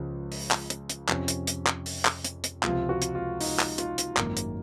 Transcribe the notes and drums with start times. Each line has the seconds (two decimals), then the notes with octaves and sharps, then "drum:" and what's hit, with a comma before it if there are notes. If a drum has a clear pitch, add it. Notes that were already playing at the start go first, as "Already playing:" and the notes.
Already playing: C#2 C#3 F3
0.32 drum: open hi-hat
0.51 drum: clap
0.70 drum: hi-hat
0.90 drum: hi-hat
1.09 F2 C3 F3 C#4, drum: clap
1.28 drum: hi-hat
1.47 drum: hi-hat
1.67 drum: clap
1.86 drum: open hi-hat
2.05 drum: clap
2.25 drum: hi-hat
2.44 drum: hi-hat
2.63 C#2 C3 F3 F4, drum: clap
2.89 F#4
3.02 drum: hi-hat
3.15 F4
3.41 D#4, drum: open hi-hat
3.60 drum: clap
3.78 F4, drum: hi-hat
3.98 drum: hi-hat
4.17 G#1 F#2 D#3 A#3, drum: clap
4.37 drum: hi-hat